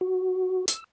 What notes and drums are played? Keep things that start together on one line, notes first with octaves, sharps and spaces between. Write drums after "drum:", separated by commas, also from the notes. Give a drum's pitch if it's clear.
F#4
E6, drum: hi-hat